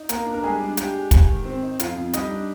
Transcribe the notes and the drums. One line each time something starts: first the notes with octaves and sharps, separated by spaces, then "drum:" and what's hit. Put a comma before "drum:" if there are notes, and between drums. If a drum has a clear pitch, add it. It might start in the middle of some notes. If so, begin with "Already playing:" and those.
Already playing: D#4
A#3 A#4, drum: hi-hat
D4
A#4
G3 G#3 G#4
D4
G#3 G4, drum: hi-hat
G#3
G#2, drum: kick, hi-hat
D#3
C4
D#4
F2 F4, drum: hi-hat
F2
G3 D#4 D#5, drum: hi-hat
D4